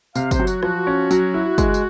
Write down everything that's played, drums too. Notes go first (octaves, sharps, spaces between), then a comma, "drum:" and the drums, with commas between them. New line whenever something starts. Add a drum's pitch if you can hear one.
C3 F5, drum: tambourine
C5, drum: kick, tambourine
F#3
F#4, drum: tambourine
F3 F#4, drum: rim click
C#4
F#3, drum: tambourine
E4
G#3, drum: kick, tambourine
drum: tambourine